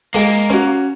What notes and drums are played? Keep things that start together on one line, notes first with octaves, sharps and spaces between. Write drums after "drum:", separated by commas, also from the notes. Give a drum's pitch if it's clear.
G#3 A#3, drum: open hi-hat
C#4 F#4, drum: hi-hat